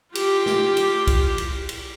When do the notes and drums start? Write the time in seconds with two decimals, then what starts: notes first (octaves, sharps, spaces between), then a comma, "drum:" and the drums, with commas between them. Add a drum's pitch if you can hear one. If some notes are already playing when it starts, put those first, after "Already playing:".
0.15 F4 G4, drum: cymbal
0.46 drum: snare
0.77 drum: cymbal
1.07 drum: kick C2, cymbal
1.38 drum: cymbal
1.69 drum: cymbal